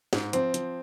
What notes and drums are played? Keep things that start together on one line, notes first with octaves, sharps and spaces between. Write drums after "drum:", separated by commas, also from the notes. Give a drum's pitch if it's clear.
G#2, drum: snare
F3 C4, drum: hi-hat
F3, drum: hi-hat